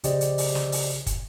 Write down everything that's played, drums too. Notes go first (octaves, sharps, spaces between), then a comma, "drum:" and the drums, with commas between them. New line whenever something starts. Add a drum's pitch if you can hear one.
A#1 C#3 G4 C5 D5 D#5, drum: hi-hat
drum: hi-hat
drum: open hi-hat
drum: snare
drum: open hi-hat
drum: kick, hi-hat